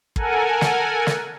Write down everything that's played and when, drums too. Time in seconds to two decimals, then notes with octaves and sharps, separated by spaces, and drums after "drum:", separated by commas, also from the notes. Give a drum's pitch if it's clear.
0.16 A4 A#4 F#5 G#5, drum: kick
0.61 drum: snare
1.07 drum: snare